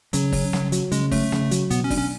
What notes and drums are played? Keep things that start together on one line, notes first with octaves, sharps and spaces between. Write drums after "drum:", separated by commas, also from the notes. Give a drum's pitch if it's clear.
C#3 F#3, drum: hi-hat
C#4, drum: kick, open hi-hat
C#3, drum: snare
F#3, drum: hi-hat
C#3 G#3, drum: hi-hat
A3 C#4, drum: kick, open hi-hat
C#3, drum: snare
F#3, drum: hi-hat
B2 B3, drum: hi-hat
C#4
D4, drum: kick, open hi-hat
C#4